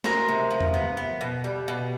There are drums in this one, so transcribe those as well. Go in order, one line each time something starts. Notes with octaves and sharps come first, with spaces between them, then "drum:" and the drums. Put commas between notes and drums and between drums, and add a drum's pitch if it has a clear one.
G#3 A#4 C5, drum: snare
C3
F3
drum: tom E2
B3
B3
B2
G3
B2